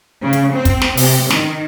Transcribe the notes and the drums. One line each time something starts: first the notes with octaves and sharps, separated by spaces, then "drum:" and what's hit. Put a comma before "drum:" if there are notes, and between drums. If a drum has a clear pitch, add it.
C#3
drum: hi-hat
C4
drum: kick, hi-hat
drum: snare
C3, drum: open hi-hat
D#3, drum: snare